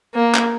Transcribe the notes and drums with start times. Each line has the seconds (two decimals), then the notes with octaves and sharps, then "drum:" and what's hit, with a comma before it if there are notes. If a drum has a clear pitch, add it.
0.15 A#3
0.35 drum: clap